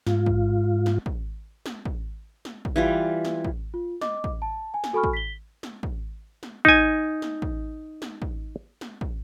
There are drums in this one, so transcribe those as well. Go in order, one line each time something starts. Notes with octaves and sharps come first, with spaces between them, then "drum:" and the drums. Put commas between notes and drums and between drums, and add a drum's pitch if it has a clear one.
G#2 F4, drum: snare
drum: kick
drum: snare
drum: kick
drum: snare
drum: kick
drum: snare
drum: kick
E3 G3 F4
drum: snare
drum: kick
F4
D#5 D6, drum: snare
drum: kick
A5
G#5
drum: snare
F#4 A4 G#5 B5 C#6 F6
drum: kick
B6 G7
drum: snare
drum: kick
drum: snare
D#4 G#5, drum: kick
drum: snare
drum: kick
drum: snare
drum: kick
drum: snare
drum: kick